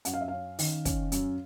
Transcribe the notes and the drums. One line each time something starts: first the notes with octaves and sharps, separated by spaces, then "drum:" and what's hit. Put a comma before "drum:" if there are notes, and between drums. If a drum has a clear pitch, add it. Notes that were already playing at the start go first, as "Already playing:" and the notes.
F#2 F#5, drum: hi-hat
F5
E5
C#4 F5
D#3, drum: open hi-hat
C#4, drum: kick, hi-hat
F#2, drum: hi-hat